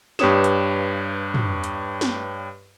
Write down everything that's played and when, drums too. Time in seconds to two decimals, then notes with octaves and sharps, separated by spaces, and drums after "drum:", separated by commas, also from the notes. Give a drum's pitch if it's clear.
0.19 G2 G4 B4 C#5 D#6 E7, drum: snare
0.44 drum: hi-hat
1.34 drum: tom
1.64 drum: hi-hat
2.01 drum: snare